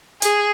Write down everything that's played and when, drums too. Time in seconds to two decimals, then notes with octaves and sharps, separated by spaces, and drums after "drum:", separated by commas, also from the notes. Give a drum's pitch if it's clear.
0.22 G#4, drum: hi-hat